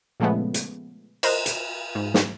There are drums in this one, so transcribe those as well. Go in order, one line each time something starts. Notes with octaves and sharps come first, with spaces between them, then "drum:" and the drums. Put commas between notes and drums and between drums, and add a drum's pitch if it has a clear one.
A#2 C#3 F3 G#3 A3 B3
drum: hi-hat
A#4 C5 D#5 A#5 F#6, drum: cymbal
drum: hi-hat
G#2
drum: snare